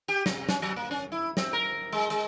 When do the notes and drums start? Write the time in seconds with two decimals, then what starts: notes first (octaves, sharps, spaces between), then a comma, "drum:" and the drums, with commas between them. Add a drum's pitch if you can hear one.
0.08 G4
0.26 C3, drum: snare
0.49 C#4, drum: snare
0.62 F#3
0.76 A#3
0.91 C#4
1.12 E4
1.37 C4, drum: snare
1.53 A#4
1.93 G#3
2.10 G#3, drum: hi-hat